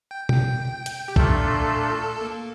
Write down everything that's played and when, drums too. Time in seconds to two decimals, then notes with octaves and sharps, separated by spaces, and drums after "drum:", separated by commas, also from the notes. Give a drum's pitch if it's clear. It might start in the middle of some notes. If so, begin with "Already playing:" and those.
0.11 G5
0.29 G5, drum: tom B2
0.86 drum: hi-hat
1.08 G4
1.16 A#2 A3 D4 F4 A4, drum: kick
2.21 A#3